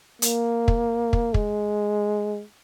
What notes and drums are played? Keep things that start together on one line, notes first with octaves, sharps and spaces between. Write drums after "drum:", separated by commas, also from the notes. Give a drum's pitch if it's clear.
A#3, drum: hi-hat
drum: kick
drum: kick
G#3, drum: kick